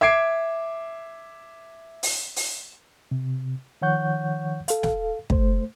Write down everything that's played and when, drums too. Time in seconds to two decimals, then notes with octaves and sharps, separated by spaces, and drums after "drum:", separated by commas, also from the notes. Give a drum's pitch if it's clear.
0.01 E5 D6 G#6 C7 D7
2.03 drum: open hi-hat
2.36 drum: open hi-hat
3.11 C3
3.82 D#3 F3 C#5 F#5 C#6 G6
4.68 A4 F5, drum: hi-hat
4.83 drum: snare
5.30 A3 C5, drum: kick